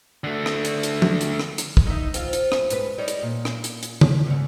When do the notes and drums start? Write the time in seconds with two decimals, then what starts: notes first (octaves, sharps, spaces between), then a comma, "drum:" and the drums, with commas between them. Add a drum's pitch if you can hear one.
0.24 D3 A3
0.46 drum: rim click
0.65 drum: hi-hat
0.83 drum: hi-hat
1.02 drum: tom F3
1.21 drum: hi-hat
1.40 drum: rim click
1.58 drum: hi-hat
1.77 drum: kick
1.87 D#4 E5
2.14 C4 F4, drum: hi-hat
2.33 drum: hi-hat
2.52 drum: rim click
2.70 G#2 B4, drum: hi-hat
2.98 G3 D#4 C#5
3.08 drum: hi-hat
3.22 A#2
3.45 drum: rim click
3.64 drum: hi-hat
3.83 drum: hi-hat
4.01 drum: tom C#3
4.26 E2 G#2